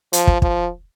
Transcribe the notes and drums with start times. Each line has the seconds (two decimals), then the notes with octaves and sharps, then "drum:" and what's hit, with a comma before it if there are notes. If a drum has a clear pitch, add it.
0.13 F3, drum: hi-hat
0.27 drum: kick
0.42 F3, drum: kick